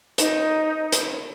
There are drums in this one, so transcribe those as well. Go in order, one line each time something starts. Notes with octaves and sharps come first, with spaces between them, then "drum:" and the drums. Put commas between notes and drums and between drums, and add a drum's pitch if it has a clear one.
D#4, drum: hi-hat
drum: hi-hat